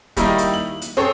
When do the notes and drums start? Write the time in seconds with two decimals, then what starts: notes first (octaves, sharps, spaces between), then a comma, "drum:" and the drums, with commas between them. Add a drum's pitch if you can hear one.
0.17 D#3 G3 A#3 D#4 E4, drum: kick, hi-hat
0.38 drum: hi-hat
0.54 F#7
0.82 drum: hi-hat
0.97 C4 G#4 A4 C5 C#5